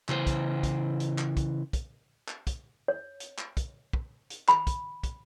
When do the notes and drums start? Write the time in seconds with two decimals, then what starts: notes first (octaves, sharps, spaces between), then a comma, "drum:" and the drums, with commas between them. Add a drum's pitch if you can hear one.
0.09 C#3 E3 C5, drum: clap
0.27 drum: kick, hi-hat
0.63 drum: kick, hi-hat
1.00 drum: hi-hat
1.18 drum: clap
1.37 drum: kick, hi-hat
1.73 drum: kick, hi-hat
2.28 drum: clap
2.47 drum: kick, hi-hat
2.88 C#5
3.20 drum: hi-hat
3.38 drum: clap
3.57 drum: kick, hi-hat
3.93 drum: kick
4.30 drum: hi-hat
4.48 B5, drum: clap
4.67 drum: kick, hi-hat
5.03 drum: kick, hi-hat